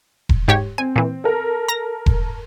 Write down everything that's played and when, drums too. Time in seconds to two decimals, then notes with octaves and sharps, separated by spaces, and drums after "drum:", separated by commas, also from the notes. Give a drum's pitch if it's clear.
0.29 drum: kick E1
0.48 G#2 G4 C#5
0.78 C4 G#5
0.96 A#2 E3
1.24 A4 A#4
1.68 A#5 A#6
2.06 drum: kick E1